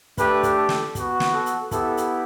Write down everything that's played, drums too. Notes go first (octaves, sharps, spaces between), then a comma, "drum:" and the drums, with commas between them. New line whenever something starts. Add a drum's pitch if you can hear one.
A3 D4 G4 B4, drum: kick, hi-hat
drum: kick, hi-hat
A4
drum: snare
B3 F#4, drum: kick, hi-hat
drum: snare
A4
drum: hi-hat
B3 E4 G4 A4, drum: kick, hi-hat
drum: hi-hat